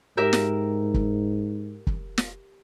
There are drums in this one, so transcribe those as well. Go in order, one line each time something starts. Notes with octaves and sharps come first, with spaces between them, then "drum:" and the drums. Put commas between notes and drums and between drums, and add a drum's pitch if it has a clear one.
G#2 G4 A#4 E5
drum: snare
drum: kick
drum: kick
drum: snare